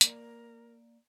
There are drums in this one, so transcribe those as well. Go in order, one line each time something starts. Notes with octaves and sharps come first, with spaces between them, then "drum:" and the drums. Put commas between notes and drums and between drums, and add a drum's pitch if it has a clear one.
A#3 A#4 D5, drum: hi-hat